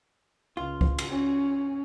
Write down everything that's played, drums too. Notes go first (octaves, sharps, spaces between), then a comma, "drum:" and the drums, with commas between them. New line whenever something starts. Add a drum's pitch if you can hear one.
C#2 F4
drum: kick C2
drum: cymbal
C#4